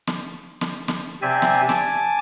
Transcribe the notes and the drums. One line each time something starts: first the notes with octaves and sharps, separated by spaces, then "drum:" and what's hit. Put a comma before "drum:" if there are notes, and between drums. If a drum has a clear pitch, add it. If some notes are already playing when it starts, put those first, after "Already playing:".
drum: snare
drum: snare
drum: snare
C3 C4 C5 D5 E5 G#5
drum: snare
G#5 A5 D6, drum: snare